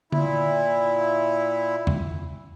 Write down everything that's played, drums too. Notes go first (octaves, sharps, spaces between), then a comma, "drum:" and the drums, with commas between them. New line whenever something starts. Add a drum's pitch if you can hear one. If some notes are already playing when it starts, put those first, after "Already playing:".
A#2 E4, drum: tom D3
drum: tom E2